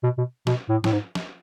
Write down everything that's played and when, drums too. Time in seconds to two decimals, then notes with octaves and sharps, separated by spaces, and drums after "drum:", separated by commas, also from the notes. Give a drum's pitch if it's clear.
0.04 B2
0.18 B2
0.47 B2, drum: snare
0.69 A2
0.84 A2, drum: snare
0.92 G#2
1.15 drum: snare